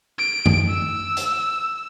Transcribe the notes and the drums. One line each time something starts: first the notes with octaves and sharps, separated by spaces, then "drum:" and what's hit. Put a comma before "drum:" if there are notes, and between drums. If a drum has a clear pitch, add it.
D7
drum: tom F#2
E6
drum: hi-hat